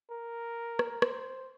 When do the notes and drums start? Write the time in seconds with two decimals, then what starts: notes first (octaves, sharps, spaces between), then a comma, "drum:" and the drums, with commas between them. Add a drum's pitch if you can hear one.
0.10 A#4
0.79 drum: rim click
1.02 C5, drum: rim click